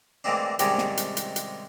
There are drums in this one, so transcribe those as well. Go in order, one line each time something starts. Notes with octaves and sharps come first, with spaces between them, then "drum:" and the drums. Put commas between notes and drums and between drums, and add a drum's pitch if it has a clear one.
A2 E3 G#3 A#3 C4 D4
G#2 C3 D#3 G3 G#3 C#4, drum: hi-hat
drum: snare
drum: hi-hat
drum: hi-hat
drum: hi-hat